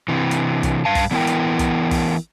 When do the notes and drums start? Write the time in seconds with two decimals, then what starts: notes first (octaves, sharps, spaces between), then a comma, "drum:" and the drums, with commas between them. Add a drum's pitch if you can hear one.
0.08 C3 E3
0.31 drum: hi-hat
0.63 drum: kick, hi-hat
0.85 G2 F5 A5
0.95 drum: kick, open hi-hat
1.11 E3 B3 D4 E4 A#4 G5
1.27 drum: hi-hat
1.59 drum: kick, hi-hat
1.91 drum: kick, open hi-hat